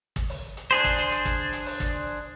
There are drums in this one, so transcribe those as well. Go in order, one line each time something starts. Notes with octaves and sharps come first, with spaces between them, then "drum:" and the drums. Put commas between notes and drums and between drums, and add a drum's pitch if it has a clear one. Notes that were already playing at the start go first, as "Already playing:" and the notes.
drum: kick, hi-hat
drum: open hi-hat
drum: hi-hat
D4 G#4 C5, drum: hi-hat
drum: kick, hi-hat
drum: hi-hat
drum: hi-hat
drum: kick, hi-hat
drum: hi-hat
drum: open hi-hat
drum: kick, hi-hat